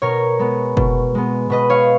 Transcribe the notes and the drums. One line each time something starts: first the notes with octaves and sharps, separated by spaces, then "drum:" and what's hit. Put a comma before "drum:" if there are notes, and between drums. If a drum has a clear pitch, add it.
B2 A#4 C#5
G#3 B3
B2, drum: kick
G#3 B3
B2 B4 D#5
C#5 F5